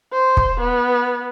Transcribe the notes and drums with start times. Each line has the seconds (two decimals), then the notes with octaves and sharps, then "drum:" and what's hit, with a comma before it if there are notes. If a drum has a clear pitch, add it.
0.12 C5
0.37 drum: kick
0.61 B3